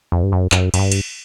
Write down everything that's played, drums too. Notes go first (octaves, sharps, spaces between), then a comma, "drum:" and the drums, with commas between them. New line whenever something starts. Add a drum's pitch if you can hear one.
F2
G2
F#2
F#2, drum: clap
F#2, drum: cymbal
G2
drum: cymbal